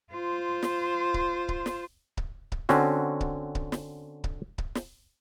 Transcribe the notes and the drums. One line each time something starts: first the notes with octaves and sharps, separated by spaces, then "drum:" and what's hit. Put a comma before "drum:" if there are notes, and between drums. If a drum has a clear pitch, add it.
F4 C5
drum: snare
drum: kick C#1
drum: kick C#1
drum: snare
drum: kick C#1
drum: kick C#1
D3 C4 C#4 F#4, drum: snare
drum: kick C#1
drum: kick C#1
drum: snare
drum: kick C#1
drum: kick C#1
drum: snare